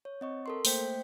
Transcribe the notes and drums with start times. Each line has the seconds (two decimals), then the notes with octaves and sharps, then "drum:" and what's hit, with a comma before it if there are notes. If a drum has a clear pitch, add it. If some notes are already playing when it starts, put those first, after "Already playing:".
0.05 C#5
0.21 C4 D#5 C#6
0.46 A4 A#4 C6
0.65 A3 A#3 C5 G5 G6 B6, drum: open hi-hat